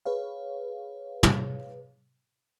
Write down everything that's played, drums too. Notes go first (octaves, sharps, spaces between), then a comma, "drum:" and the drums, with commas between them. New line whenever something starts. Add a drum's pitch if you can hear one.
G#4 B4 C#5 F5
drum: tom